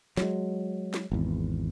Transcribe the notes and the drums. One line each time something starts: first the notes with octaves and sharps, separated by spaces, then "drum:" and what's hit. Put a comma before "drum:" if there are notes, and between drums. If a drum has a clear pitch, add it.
F#3 G#3, drum: snare
drum: snare
G#1 E2